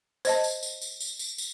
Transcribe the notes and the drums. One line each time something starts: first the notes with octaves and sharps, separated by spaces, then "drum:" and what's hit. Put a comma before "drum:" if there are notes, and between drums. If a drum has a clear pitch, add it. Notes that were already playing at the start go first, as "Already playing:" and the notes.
C5 D#5 A5, drum: tambourine
drum: tambourine
drum: tambourine
drum: tambourine
drum: tambourine
drum: tambourine
drum: tambourine